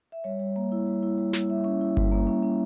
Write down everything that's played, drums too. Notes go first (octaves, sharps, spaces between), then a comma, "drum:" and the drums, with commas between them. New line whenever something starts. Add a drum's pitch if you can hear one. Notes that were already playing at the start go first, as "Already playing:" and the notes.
E5
G3 C#5
G3
A#3
E4
G3
E4
G3
E4, drum: snare
G3 E5
C#4
E4
G3, drum: kick G1
A#3
C#4
C#4